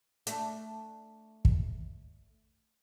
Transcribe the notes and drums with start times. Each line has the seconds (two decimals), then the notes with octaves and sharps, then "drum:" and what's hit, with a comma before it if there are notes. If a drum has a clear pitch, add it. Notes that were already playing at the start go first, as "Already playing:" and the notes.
0.27 A3 D4, drum: hi-hat
1.45 drum: kick